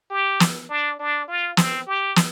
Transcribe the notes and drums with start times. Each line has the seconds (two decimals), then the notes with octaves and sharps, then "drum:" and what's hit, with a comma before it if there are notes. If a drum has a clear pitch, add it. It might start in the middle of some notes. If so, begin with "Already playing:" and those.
0.10 G4
0.40 drum: snare
0.69 D4
1.00 D4
1.28 F4
1.57 C4, drum: snare
1.87 G4
2.16 drum: snare